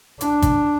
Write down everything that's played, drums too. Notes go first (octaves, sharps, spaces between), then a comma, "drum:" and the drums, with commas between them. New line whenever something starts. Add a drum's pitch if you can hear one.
D4, drum: hi-hat
drum: kick, hi-hat